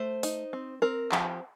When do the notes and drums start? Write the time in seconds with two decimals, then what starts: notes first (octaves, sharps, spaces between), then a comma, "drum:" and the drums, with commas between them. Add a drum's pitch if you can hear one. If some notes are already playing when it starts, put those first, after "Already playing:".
Already playing: A3 C5
0.23 D#4, drum: open hi-hat
0.53 C4
0.82 C4 A#4
1.12 F3 G4, drum: clap